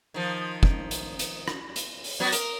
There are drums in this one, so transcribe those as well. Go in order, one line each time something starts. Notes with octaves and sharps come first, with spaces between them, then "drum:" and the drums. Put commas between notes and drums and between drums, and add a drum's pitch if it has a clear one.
D#3 F3
drum: kick
drum: hi-hat
drum: hi-hat
drum: rim click
drum: hi-hat
drum: open hi-hat
F#3 B3 F#4
A#4, drum: hi-hat